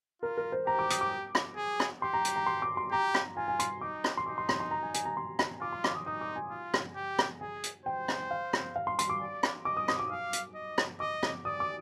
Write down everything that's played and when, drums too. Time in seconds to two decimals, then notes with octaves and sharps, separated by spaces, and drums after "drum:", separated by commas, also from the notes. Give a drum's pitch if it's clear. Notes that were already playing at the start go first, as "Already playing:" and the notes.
0.22 F4 A#4
0.37 A#4
0.52 C5
0.67 G4 A#5
0.79 D6
0.90 D#6, drum: hi-hat
1.01 D6
1.35 drum: rim click
1.57 G#4
1.80 drum: rim click
2.02 G4 C6
2.13 A#5
2.25 drum: hi-hat
2.36 A#5
2.46 C6
2.62 D6
2.77 C6
2.92 G4 A#5
3.14 drum: rim click
3.37 F4 G#5
3.48 G#5
3.59 C6, drum: hi-hat
3.81 D#4 D6
4.04 drum: rim click
4.17 C6
4.26 D#4 D6
4.38 C6
4.49 C6, drum: rim click
4.60 C6
4.71 A#5
4.83 G#5
4.94 G#5, drum: hi-hat
5.05 A#5
5.17 C6
5.39 drum: rim click
5.61 F4 D6
5.73 C6
5.84 D6, drum: rim click
5.95 D#6
6.06 D#4 D#6
6.21 D6
6.36 G#5
6.51 F4
6.74 drum: rim click
6.96 G4
7.19 drum: rim click
7.41 G#4 G#5
7.63 drum: hi-hat
7.86 C5 G5
8.08 drum: rim click
8.31 F5
8.53 drum: rim click
8.76 F5
8.87 C6
8.99 C6, drum: hi-hat
9.10 D6
9.21 D5
9.43 drum: rim click
9.65 D#5 D6
9.77 D#6
9.88 D#6, drum: rim click
9.99 D6
10.11 F5
10.33 drum: hi-hat
10.55 D#5
10.78 drum: rim click
11.00 D#5 D6
11.23 drum: rim click
11.45 D5 D#6
11.60 D6